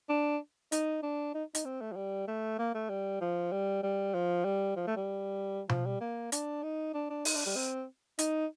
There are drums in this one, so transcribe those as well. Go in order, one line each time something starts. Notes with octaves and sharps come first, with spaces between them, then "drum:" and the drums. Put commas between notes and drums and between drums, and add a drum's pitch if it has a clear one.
D4
D#4, drum: hi-hat
D4
D#4
D#4, drum: hi-hat
C4
A3
F3
G3
A3
A#3
A3
G3
F3
G3
G3
F3
G3
F3
A3
G3
F3, drum: tom B2
G3
A#3
D4, drum: hi-hat
D#4
D4
D4
D#4, drum: open hi-hat
D4
G3
C4
D#4, drum: hi-hat